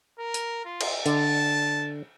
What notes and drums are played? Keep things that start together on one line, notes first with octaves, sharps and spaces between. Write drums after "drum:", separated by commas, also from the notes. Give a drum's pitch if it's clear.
A#4
drum: hi-hat
F4
drum: cymbal
D3 A5, drum: hi-hat